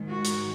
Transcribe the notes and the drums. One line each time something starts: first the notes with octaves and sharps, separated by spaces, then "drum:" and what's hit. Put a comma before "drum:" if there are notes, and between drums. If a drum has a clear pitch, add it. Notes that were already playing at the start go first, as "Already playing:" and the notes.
Already playing: G#2 D#3 G#3
F#4
drum: hi-hat